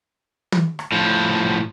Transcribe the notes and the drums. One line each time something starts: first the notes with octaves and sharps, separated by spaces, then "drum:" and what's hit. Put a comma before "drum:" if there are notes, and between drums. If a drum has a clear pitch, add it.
drum: tom
drum: rim click
A2 F3